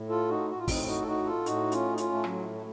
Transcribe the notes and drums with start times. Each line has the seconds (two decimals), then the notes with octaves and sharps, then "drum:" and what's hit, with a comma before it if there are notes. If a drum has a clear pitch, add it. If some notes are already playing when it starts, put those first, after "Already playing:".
Already playing: A2
0.09 F4 A4
0.29 D#4 F#4
0.50 F#4
0.59 F4
0.68 A2 C4 D#4, drum: kick, open hi-hat
0.87 D#4 F#4
1.01 A4
1.07 D#4 F#4
1.26 F4 A4
1.46 A2 D#4 F#4, drum: hi-hat
1.72 C#4 F4, drum: hi-hat
1.93 D#4
1.98 C#4 F4, drum: hi-hat
2.12 A3
2.24 A2 F#3, drum: rim click
2.55 A3